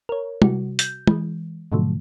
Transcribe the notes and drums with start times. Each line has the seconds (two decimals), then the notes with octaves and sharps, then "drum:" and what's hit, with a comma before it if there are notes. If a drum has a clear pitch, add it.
0.09 A#4 C#5
0.42 C3 G3 F#4, drum: tom
0.79 G6, drum: hi-hat
1.07 E3 G#3, drum: tom
1.72 G#2 B2 D3 F3 F#3 A3